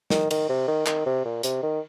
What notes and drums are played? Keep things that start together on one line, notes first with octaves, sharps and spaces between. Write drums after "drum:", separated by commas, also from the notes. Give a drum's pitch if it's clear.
D#3, drum: snare
D#3, drum: cymbal
C3
D#3
D#3, drum: clap
C3
A#2
C3, drum: hi-hat
D#3